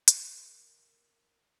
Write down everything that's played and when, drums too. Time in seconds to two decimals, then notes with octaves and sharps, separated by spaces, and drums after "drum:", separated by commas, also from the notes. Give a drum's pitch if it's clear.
0.08 A#4, drum: hi-hat